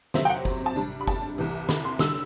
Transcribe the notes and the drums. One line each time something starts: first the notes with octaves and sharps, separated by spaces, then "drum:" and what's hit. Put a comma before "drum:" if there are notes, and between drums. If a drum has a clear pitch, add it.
C3 F#3 C4 E5, drum: snare
G5
F#5
drum: kick F#1, tambourine
A5
C3 G3 D4, drum: tambourine
B5
A5, drum: kick F#1, tambourine
C2 C3 E3, drum: tambourine
B5, drum: snare
C6
D3 G3 E6, drum: snare